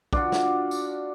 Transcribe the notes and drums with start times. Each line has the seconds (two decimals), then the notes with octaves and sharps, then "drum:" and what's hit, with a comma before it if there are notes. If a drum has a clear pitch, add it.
0.13 D4 F4 F#4, drum: kick
0.32 drum: snare
0.71 drum: tambourine